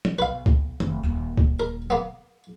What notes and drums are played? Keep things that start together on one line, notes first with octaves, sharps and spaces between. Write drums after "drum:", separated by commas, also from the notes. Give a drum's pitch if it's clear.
drum: tom
B1 B4 F5
drum: kick C#2
F1, drum: tom
D#1 D#2
drum: kick C#2
A#4
A#3 B3